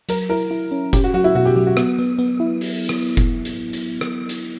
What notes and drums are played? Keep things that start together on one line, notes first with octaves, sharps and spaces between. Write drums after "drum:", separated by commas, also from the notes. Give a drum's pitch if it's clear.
F#3 A#4, drum: hi-hat
E4 A#4
E4
C#4
C#4 G4, drum: kick F1, hi-hat
F#4
F#3 F#4
E4
B2 F#4
G4
F#3 G4
F#4
B3, drum: rim click
B3
B3
E4
drum: open hi-hat
drum: rim click
drum: kick F1, hi-hat
drum: hi-hat
drum: hi-hat
drum: rim click
drum: hi-hat